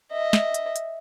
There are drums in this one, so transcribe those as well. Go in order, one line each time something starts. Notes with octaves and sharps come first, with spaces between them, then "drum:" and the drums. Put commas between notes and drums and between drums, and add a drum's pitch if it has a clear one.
D#5 E5
drum: snare
drum: hi-hat
drum: hi-hat